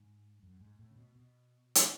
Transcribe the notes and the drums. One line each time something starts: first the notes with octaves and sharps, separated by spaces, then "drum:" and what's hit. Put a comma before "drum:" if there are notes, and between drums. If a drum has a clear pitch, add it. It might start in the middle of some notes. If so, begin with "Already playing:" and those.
Already playing: G#2
F#2
G#2
A2
C#3
B2
B2
drum: hi-hat